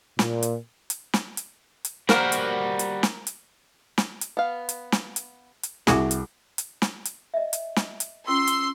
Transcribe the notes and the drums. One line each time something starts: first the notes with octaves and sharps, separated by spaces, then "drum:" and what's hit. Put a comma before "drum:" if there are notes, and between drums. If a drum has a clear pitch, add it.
A#2, drum: snare
drum: hi-hat
drum: hi-hat
drum: snare
drum: hi-hat
drum: hi-hat
G3 A#3 F#4 A#4 C5, drum: snare
drum: hi-hat
drum: hi-hat
drum: snare
drum: hi-hat
drum: snare
drum: hi-hat
B3 F5
drum: hi-hat
drum: snare
drum: hi-hat
drum: hi-hat
C2 F#4 G#4 D6, drum: snare
drum: hi-hat
drum: hi-hat
drum: snare
drum: hi-hat
D#5 E5
drum: hi-hat
drum: snare
drum: hi-hat
C#4 F4 C6 C#6 E6
drum: hi-hat